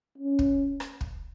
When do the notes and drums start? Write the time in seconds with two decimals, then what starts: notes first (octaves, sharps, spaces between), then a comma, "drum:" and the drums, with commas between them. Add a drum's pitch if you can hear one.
0.18 C#4
0.39 drum: kick
0.80 drum: rim click
1.01 drum: kick